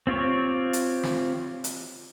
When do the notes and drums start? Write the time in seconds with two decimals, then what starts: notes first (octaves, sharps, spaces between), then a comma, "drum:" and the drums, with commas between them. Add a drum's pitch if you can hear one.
0.07 C4 F4 G4 C#5
0.73 drum: hi-hat
1.03 drum: snare
1.64 drum: hi-hat